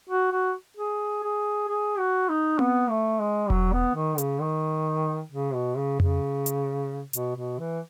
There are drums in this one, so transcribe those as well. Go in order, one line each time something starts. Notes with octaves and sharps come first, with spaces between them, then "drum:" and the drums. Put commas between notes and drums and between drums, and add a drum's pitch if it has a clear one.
F#4
F#4
G#4
G#4
G#4
F#4
D#4
B3, drum: tom C4
A3
G#3
F#3, drum: kick E1
B3
D#3
C#3, drum: hi-hat
D#3
C#3
B2
C#3
C#3, drum: tom F2
drum: hi-hat
B2, drum: hi-hat
B2
E3